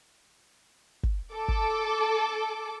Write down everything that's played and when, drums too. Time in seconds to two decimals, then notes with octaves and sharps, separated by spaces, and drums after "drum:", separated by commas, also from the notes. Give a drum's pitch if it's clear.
1.03 drum: kick
1.33 A4 D6
1.48 drum: kick